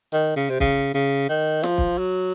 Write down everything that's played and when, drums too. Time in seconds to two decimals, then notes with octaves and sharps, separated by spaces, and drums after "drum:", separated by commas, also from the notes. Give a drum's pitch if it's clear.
0.13 D#3
0.36 C#3
0.50 C3
0.60 C#3, drum: kick
0.94 C#3
1.29 D#3
1.63 F3, drum: snare
1.78 drum: kick
1.98 F#3